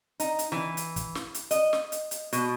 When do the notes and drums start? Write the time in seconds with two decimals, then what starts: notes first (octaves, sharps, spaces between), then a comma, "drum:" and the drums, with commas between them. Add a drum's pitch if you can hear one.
0.20 D#4, drum: hi-hat
0.39 drum: hi-hat
0.52 E3
0.77 drum: hi-hat
0.96 drum: kick, hi-hat
1.15 drum: snare
1.34 drum: hi-hat
1.51 D#5, drum: hi-hat
1.73 drum: snare
1.92 drum: hi-hat
2.11 drum: hi-hat
2.33 B2, drum: hi-hat